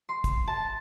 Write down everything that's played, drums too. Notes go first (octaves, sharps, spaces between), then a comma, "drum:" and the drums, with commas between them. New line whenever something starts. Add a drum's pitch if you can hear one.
C6
drum: kick, hi-hat
A5